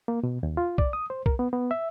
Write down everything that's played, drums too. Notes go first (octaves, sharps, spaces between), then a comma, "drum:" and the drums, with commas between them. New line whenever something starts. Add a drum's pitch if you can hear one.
A#3
B2
D#2
F4
D5, drum: kick
D#6
C5
A#4, drum: kick
B3
B3
E5